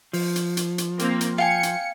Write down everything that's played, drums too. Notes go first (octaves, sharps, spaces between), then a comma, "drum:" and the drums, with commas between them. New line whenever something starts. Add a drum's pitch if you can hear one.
F3, drum: open hi-hat
drum: hi-hat
drum: hi-hat
drum: hi-hat
A#3 C4, drum: hi-hat
drum: hi-hat
F5 G5 G#5 C#7
drum: hi-hat